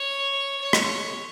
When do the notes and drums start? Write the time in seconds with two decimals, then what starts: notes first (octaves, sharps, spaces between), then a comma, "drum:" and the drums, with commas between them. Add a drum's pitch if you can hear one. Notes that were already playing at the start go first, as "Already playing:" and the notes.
Already playing: C#5
0.61 C#5
0.73 drum: rim click